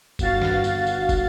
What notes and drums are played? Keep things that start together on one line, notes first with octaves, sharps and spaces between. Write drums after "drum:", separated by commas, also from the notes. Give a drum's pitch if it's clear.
G1 F#4 F5 A6, drum: kick, tambourine
drum: snare
drum: tambourine
drum: tambourine
drum: kick, tambourine